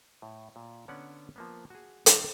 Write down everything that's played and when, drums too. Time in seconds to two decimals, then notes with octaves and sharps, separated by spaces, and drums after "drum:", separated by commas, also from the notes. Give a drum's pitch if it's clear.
0.22 A2
0.56 A#2
0.88 D3 B3 C#4 D5 F#5
1.36 F3 A#3 B3
1.70 F#4 G#4
2.06 G2 D#3 B3 D#4 C#5 A#5, drum: hi-hat